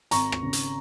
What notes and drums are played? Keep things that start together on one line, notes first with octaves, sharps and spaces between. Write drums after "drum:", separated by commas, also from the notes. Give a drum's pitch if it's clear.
G#1 A#5 C#6, drum: hi-hat
drum: rim click
C#3
drum: hi-hat